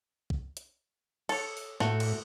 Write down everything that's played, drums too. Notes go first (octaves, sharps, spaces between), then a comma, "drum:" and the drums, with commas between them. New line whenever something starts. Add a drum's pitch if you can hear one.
drum: kick
drum: hi-hat
A4 C#5, drum: cymbal
drum: open hi-hat
A2 A3 F#4, drum: snare
drum: cymbal